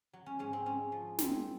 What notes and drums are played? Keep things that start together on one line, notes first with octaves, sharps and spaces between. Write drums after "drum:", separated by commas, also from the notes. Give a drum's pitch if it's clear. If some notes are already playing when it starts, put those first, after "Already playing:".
F#3
C#4
G#2 C#4
C4
G#3 C#4
F3
F#2 C4, drum: snare